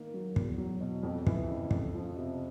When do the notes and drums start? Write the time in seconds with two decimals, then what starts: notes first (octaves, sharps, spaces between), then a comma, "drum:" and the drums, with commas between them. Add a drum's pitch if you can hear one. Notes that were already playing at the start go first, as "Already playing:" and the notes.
Already playing: D#3 A#3
0.14 F#3
0.36 E2, drum: kick
0.58 F#3
0.81 B2
1.03 F2
1.27 E3, drum: kick
1.48 C#3
1.71 F2, drum: kick
1.94 F3
2.17 C3